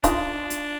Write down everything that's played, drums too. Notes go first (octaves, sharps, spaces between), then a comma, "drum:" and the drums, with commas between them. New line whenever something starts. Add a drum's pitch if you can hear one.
D4 D#4 F4, drum: kick, hi-hat
drum: hi-hat